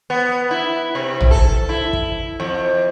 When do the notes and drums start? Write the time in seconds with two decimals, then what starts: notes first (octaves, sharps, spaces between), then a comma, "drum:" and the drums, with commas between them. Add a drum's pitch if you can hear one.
0.10 B3
0.51 E4
0.95 C3
1.21 drum: tom
1.31 A4
1.69 E4
1.93 drum: kick
2.40 F2